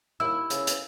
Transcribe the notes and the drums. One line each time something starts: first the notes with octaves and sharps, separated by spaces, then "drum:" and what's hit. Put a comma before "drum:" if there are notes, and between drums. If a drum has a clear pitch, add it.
D#2 E4 E6
C#3, drum: hi-hat
drum: hi-hat